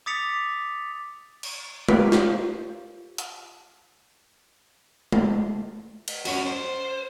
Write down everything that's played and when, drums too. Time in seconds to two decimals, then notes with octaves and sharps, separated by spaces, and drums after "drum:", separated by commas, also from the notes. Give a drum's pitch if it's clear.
0.06 D6 D#6 A6 B6 C#7 F7
1.43 drum: cymbal
1.89 F4 G4 A#4 B4 C#5, drum: tom G#3
2.12 drum: snare
3.18 drum: hi-hat
5.12 drum: tom G#3
6.08 drum: cymbal
6.25 C#4 F#4, drum: cymbal
6.46 C5